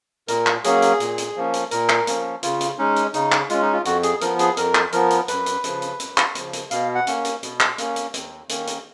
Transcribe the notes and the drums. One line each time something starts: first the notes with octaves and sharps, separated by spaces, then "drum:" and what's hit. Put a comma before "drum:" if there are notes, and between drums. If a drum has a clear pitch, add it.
A#2 A#4, drum: hi-hat
drum: clap
F#3 A#3 C#4 G#4, drum: hi-hat
drum: hi-hat
A#2, drum: hi-hat
drum: hi-hat
F3 A#3 C#4
drum: hi-hat
A#2 A#4, drum: hi-hat
drum: clap
F3 A#3 C#4, drum: hi-hat
C#3 F4, drum: hi-hat
drum: hi-hat
G#3 C#4 D#4
drum: hi-hat
C#3 D#4, drum: hi-hat
drum: clap
G#3 C#4 F4, drum: hi-hat
D#4
F4
F2 F#4, drum: hi-hat
G#4, drum: hi-hat
F3 B3 A#4, drum: hi-hat
G#4, drum: hi-hat
F2 A#4, drum: hi-hat
drum: clap
F3 B3 A#4, drum: hi-hat
drum: hi-hat
F#2 B4, drum: hi-hat
drum: hi-hat
C#3 F3, drum: hi-hat
drum: hi-hat
F#2, drum: hi-hat
drum: clap
C#3 F3, drum: hi-hat
drum: hi-hat
B2 F5, drum: hi-hat
F#5
A#3 C#4, drum: hi-hat
drum: hi-hat
B2, drum: hi-hat
drum: clap
A#3 C#4, drum: hi-hat
drum: hi-hat
D#2, drum: hi-hat
D#3 A#3 C#4, drum: hi-hat
drum: hi-hat